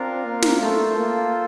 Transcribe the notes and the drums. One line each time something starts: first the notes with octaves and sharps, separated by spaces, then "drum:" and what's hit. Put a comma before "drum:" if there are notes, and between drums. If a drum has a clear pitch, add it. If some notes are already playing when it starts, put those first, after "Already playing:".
Already playing: C4 D4 F4 A#4 F5
A#3
drum: snare
A3 F4 A4 C5
A#3